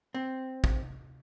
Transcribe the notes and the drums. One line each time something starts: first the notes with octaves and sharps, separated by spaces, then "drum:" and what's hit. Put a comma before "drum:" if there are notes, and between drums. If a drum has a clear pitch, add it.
C4
drum: kick